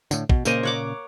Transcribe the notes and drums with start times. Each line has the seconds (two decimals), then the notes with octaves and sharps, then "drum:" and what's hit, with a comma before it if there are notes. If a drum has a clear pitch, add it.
0.11 A2 D3, drum: tambourine
0.29 B2, drum: kick
0.45 A#2 C#3 A#3 C5 D#5, drum: tambourine
0.63 C#5 F#5 D6